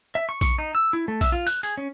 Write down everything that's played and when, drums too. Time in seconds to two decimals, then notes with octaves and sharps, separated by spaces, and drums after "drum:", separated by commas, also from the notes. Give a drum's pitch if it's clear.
0.15 E5
0.29 C#6
0.41 C#6, drum: kick A#1, tambourine
0.58 D#4
0.75 E6
0.93 E4
1.08 A3
1.21 E5, drum: kick A#1, tambourine
1.32 F4
1.47 F#6, drum: tambourine
1.63 G#4, drum: tambourine
1.77 C#4